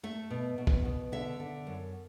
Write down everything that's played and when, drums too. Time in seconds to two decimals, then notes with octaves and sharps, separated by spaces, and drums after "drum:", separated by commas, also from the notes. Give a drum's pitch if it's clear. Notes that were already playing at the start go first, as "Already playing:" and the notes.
0.03 A3 E5
0.31 B2
0.58 B2
0.67 drum: kick
0.85 B2
1.12 D3 E5
1.40 D3
1.67 F#2